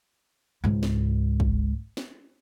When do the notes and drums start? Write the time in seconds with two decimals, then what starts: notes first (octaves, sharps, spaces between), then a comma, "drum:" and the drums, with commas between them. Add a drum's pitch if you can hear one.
0.64 C#2 G#2
0.83 drum: snare
1.40 drum: kick
1.97 drum: snare